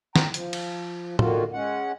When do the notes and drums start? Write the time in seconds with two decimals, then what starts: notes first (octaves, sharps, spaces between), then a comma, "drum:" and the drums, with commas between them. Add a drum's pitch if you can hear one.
0.16 G5 A#5, drum: snare
0.34 F3, drum: hi-hat
0.53 drum: cymbal
1.19 D3 D#3 A#3 F4 F#4, drum: tom A2
1.53 G#3 C#4 F#5